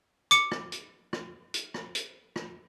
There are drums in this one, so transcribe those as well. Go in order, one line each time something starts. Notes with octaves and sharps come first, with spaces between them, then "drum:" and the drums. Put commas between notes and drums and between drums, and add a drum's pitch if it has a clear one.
D6 C#7, drum: hi-hat
drum: rim click
drum: hi-hat
drum: rim click
drum: hi-hat
drum: rim click
drum: hi-hat
drum: rim click